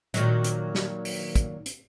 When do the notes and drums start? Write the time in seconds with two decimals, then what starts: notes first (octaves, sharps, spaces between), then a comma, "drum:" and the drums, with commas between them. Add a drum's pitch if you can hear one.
0.14 A#2 D#3 F#3, drum: hi-hat
0.44 drum: hi-hat
0.75 drum: snare
1.05 drum: open hi-hat
1.35 drum: kick, hi-hat
1.66 drum: hi-hat